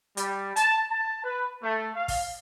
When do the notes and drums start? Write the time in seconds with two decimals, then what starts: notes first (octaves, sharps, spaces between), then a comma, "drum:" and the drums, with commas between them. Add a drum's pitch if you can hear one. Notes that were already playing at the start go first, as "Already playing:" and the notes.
0.17 G3, drum: hi-hat
0.56 A5, drum: hi-hat
0.90 A5
1.24 B4
1.63 A3
1.96 F5
2.08 drum: kick, open hi-hat